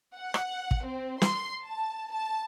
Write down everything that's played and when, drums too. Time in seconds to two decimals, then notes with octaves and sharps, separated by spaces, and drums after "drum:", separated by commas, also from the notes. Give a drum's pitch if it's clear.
0.16 F#5
0.34 drum: rim click
0.71 drum: kick
0.85 C4
1.22 C6, drum: snare
1.63 A5
2.12 A5